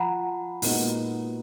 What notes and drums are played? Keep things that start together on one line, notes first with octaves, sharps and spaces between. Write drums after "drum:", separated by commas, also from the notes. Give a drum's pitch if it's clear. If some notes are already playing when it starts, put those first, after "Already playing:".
Already playing: F3 F#5 G#5 A#5 B5
A#2 G#3 B3 D#4 F#4, drum: open hi-hat